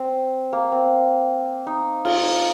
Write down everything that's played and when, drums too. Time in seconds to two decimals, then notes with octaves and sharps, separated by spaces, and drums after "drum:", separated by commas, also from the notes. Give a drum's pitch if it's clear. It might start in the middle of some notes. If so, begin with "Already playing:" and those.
Already playing: C4
0.53 A#3
0.72 C4
1.67 D#4
2.05 F4, drum: cymbal